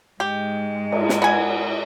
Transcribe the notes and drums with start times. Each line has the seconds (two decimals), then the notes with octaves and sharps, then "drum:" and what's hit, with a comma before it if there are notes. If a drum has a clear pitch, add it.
0.20 G#2 G#3 G4
0.92 drum: cymbal
1.09 drum: snare
1.22 B3 G#5